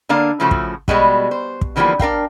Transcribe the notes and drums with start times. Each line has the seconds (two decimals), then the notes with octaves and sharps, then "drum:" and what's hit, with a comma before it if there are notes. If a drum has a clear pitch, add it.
0.09 D3 A#3 D4 F5
0.40 A2 C#3 F3 A3 F#4
0.51 drum: kick
0.88 B2 G3 G#3 F#4, drum: kick
1.31 C5
1.61 drum: kick
1.76 D3 E3 F3 G3 A#3 B3
1.99 D4 A#4 F5 G5, drum: kick